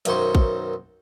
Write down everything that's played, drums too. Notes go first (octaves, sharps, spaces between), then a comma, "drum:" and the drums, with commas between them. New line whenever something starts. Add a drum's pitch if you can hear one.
B1 F#2 D#3 C5 C#6, drum: hi-hat
drum: kick